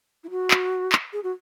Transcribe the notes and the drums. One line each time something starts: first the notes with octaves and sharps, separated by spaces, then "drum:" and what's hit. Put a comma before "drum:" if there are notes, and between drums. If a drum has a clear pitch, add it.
E4
F#4
drum: clap
drum: clap
G#4
F#4